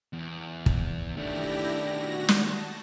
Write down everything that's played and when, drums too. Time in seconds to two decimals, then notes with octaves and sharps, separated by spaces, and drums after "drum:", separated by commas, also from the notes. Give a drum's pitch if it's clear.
0.13 E2
0.66 drum: kick
1.16 D#3 A3 D4 E4 G4 A#6
1.86 F#4 A#6
2.29 drum: snare
2.46 A5